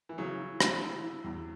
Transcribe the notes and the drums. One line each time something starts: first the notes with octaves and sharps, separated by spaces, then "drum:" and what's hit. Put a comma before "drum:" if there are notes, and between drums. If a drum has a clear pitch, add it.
E3
C#3 F#3 E4
E4
E4, drum: rim click
E4
E4
E2